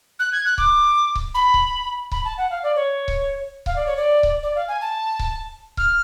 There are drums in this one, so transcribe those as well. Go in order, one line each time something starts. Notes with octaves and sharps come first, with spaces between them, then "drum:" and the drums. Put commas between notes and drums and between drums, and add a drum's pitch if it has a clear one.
F#6
G#6
F#6
D6, drum: kick C#1
drum: kick C#1
B5
drum: kick C#1
B5, drum: kick C#1
A5
F#5
F5
D5
C#5
drum: kick C#1
F5, drum: kick C#1
D5
C#5
D5
drum: kick C#1
D5
F5
G#5
A5
drum: kick C#1
F6, drum: kick C#1